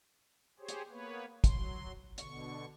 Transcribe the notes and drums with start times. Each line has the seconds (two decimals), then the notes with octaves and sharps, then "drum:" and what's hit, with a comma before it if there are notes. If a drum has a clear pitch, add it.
0.59 G4 G#4 C5 C#5
0.68 drum: hi-hat
0.90 A#3 B3 B4 C#5
1.44 F#3 C6, drum: kick, hi-hat
2.18 B2 D3 C#6, drum: hi-hat